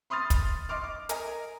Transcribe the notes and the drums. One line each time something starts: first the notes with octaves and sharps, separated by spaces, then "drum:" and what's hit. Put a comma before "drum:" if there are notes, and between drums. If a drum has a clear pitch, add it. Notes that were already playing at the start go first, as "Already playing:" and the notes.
B5 C6 D#6 F6 A6
drum: kick, hi-hat
D#5 C6 D6 F6
D6
A#4 D#5 G#5 A#5, drum: hi-hat